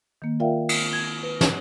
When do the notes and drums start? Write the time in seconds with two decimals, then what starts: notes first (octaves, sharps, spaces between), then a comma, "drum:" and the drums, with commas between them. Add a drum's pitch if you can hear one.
0.22 D#3 A#3
0.40 F4 A#4 D5 E5 F5 G5
0.69 drum: cymbal
0.93 G#6
1.23 B4
1.41 drum: snare